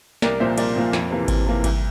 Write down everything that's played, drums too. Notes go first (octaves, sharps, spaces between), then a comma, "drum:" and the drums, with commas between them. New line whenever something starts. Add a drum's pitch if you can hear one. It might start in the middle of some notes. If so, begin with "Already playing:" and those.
C2 A#4 D5, drum: snare
A#2 F3 A#3 C5 E5
C2 A#4 D5, drum: cymbal
A#2 F3 A#3
F2, drum: snare
C3 E3 A#3
F2, drum: kick G#1, cymbal
C3 E3 A#3
C2, drum: kick G#1, cymbal